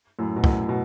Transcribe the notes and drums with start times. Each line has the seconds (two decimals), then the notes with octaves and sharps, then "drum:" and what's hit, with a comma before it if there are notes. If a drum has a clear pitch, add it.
0.19 F#2 A2
0.36 B2
0.44 F#2 A2, drum: kick
0.69 B2